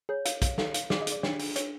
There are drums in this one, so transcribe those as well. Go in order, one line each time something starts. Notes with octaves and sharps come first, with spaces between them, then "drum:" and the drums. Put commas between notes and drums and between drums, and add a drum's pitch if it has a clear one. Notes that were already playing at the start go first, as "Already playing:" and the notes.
G#4 C#5
F5, drum: hi-hat
F5, drum: kick, hi-hat
A4 F5, drum: snare
F5, drum: hi-hat
G#4 D5, drum: snare
D#5
G#4, drum: hi-hat
D5
D4 C#5, drum: snare
D4, drum: open hi-hat
D4 C#5, drum: hi-hat